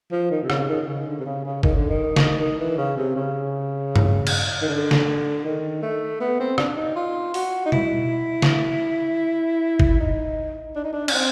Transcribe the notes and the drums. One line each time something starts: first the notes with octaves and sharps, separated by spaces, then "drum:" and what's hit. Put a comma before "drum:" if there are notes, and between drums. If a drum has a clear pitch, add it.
F3
D#3
C3
C#3, drum: rim click
D#3
C#3
D3
C3
C#3
C#3
D#3, drum: kick
D3
D#3
drum: snare
D#3
E3
C#3
C3
C#3
drum: tom G2
drum: cymbal
D#3
D3
drum: snare
D#3
A3
B3
C4
D4, drum: rim click
D#4
F4
F#4, drum: open hi-hat
D#4
E4, drum: tom B2
drum: snare
drum: kick
D#4
D4
D#4
D4
C#4, drum: cymbal
C4